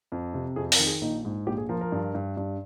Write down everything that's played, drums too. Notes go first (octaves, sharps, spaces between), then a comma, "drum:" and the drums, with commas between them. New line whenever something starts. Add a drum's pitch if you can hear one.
F2
C3
F2 G#4
A#4, drum: open hi-hat
D#3
G#4
A#1 D#4
G#2
A#1 G4
G#4
F3 A#4
A#4
G2
G2
G2